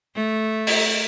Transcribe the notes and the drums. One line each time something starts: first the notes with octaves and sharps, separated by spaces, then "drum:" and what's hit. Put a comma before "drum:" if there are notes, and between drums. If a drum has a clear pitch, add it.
A3
drum: open hi-hat